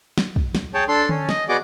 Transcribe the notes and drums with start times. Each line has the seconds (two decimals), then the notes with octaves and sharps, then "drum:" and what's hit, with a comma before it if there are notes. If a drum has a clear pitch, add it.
0.18 drum: snare
0.36 drum: kick
0.55 drum: snare
0.74 G#4 C#5 G5 A5
0.88 D4 A4 C6
1.09 C#4, drum: tom D3
1.29 D#5, drum: snare
1.49 B3 F#4 G#4 D5 D#5 D6